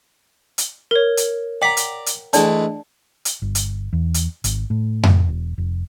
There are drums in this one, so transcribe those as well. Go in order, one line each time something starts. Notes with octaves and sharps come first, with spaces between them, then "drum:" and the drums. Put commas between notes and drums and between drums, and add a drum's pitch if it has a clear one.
drum: hi-hat
A#4 C#5
drum: hi-hat
D5 F#5 G5 A#5 B6 F#7
drum: hi-hat
drum: hi-hat
E3 G#3 A3 D4 D5 A5, drum: hi-hat
drum: hi-hat
G1
drum: hi-hat
E2
drum: hi-hat
G#1, drum: hi-hat
A2
drum: tom F2
E1
F1